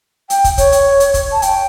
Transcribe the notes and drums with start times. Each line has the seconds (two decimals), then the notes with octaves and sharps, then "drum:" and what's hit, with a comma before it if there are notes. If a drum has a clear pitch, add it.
0.30 G5, drum: hi-hat
0.44 drum: kick, hi-hat
0.58 C#5, drum: kick, hi-hat
0.72 drum: hi-hat
1.00 drum: hi-hat
1.14 drum: kick, hi-hat
1.32 A5
1.42 G5, drum: hi-hat